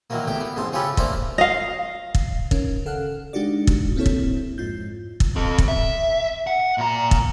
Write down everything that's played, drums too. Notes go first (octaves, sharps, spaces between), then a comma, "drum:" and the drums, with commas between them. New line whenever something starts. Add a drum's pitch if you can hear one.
A#2 D#3 E3 F#3 A#3
E2 A2 G4 G5
B3
A1 E2 G#2 A5 C6
C#3 C#4 F4 G4 A4 B4
A3 A#3 D4 A4 C5 F5, drum: kick
D#5 F5
drum: kick
D#3 C#4 A#4, drum: kick
C#3 A4 F5 F#5 F6 F#6
G#3 D4 D#4 F#4 G4 D5
drum: kick
A#3 C4 E4 A4 C#5
drum: kick
F2 G#2 F4 G6
drum: kick
C4 A4
drum: kick
E5
F#5
A#2 A#5
drum: kick